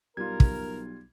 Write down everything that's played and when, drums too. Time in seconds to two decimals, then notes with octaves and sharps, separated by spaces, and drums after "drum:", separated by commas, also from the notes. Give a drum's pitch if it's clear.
0.17 B1 G3 F4 A#4 G#6
0.40 drum: kick